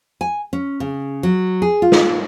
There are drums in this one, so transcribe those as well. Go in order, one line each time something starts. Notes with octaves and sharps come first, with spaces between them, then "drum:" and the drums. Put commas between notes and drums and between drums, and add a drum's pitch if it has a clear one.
G#5
C#4
C#3
F#3
G#4
F4
drum: snare